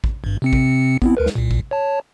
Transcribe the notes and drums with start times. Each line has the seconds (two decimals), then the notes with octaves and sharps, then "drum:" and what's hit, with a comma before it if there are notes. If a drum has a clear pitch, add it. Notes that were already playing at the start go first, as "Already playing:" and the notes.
0.04 drum: kick
0.24 G#1 G2
0.42 C3 C4 C#7
0.53 drum: kick
1.02 B3 C4 E4, drum: kick
1.17 D2 A#4 B4
1.26 drum: snare
1.35 C2 A#2
1.51 drum: kick
1.71 C#5 A5